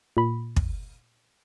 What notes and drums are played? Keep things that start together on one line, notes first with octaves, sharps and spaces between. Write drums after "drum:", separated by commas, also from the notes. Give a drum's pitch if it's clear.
A#2 B5
drum: kick